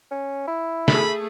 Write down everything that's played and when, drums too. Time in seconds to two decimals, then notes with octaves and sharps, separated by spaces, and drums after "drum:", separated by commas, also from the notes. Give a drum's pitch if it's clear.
0.11 C#4
0.48 E4
0.88 A3 G#4 B5, drum: snare